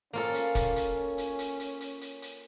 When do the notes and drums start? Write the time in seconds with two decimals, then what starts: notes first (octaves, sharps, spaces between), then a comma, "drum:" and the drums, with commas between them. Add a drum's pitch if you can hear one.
0.13 A#3 C#4 F4 A4
0.34 drum: hi-hat
0.55 drum: kick, hi-hat
0.76 drum: hi-hat
1.18 drum: hi-hat
1.39 drum: hi-hat
1.59 drum: hi-hat
1.80 drum: hi-hat
2.01 drum: hi-hat
2.22 drum: hi-hat